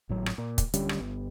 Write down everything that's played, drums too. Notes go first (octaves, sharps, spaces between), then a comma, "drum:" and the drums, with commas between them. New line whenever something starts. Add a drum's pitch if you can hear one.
G#1 A2 F#3
drum: rim click
A#2
drum: kick, hi-hat
D1 D3 G3 C#4, drum: hi-hat
drum: rim click
G1 B3